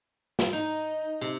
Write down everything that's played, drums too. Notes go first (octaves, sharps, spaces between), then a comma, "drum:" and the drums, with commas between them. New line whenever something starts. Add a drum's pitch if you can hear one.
drum: snare
D#4 D#5
C3